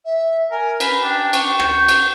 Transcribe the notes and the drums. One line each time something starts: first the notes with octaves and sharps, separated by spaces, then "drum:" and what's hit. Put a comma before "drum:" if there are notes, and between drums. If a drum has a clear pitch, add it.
E5
A#4 G#5
B4, drum: cymbal
D4 G5
C#6, drum: cymbal
G6, drum: rim click
drum: cymbal